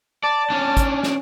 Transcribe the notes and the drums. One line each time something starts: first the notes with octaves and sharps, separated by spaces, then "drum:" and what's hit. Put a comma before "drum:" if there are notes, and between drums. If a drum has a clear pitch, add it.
D5 A5
C#4 D4
drum: kick, hi-hat
drum: snare